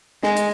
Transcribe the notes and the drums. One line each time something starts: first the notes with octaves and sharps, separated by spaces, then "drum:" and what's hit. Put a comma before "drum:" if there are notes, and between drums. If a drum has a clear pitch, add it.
G#3, drum: snare
drum: hi-hat